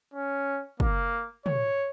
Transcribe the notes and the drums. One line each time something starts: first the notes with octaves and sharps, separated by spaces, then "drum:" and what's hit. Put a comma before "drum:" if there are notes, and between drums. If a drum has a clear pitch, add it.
C#4
A#3, drum: kick
C#5, drum: tom